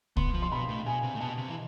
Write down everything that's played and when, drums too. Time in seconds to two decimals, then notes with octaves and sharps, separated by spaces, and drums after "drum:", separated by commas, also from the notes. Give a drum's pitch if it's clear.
0.17 B3 C6, drum: kick C2
0.34 F3
0.42 C6
0.51 B2 B5
0.69 A2
0.86 B2 G#5
1.03 C3
1.15 A2
1.20 B2 A5
1.38 C3
1.48 E3